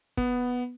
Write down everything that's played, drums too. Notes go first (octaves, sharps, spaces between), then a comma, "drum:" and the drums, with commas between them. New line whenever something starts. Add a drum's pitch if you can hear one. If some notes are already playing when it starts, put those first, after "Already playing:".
B3, drum: kick